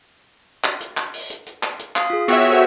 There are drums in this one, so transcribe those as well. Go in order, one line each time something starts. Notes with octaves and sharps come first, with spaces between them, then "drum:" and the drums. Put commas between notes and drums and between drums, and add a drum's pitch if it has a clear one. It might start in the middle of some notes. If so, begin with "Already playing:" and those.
drum: clap
drum: hi-hat
drum: clap
drum: open hi-hat
drum: hi-hat
drum: hi-hat
drum: clap
drum: hi-hat
F5 D#6, drum: clap
F4 G#4
B3 F#4 G#4 C#5 E5 G5, drum: hi-hat
A4 C5 F#5